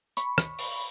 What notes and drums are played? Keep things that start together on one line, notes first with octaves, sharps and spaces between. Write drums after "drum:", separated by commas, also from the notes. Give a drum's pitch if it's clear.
B5 C#6, drum: hi-hat
drum: rim click
drum: open hi-hat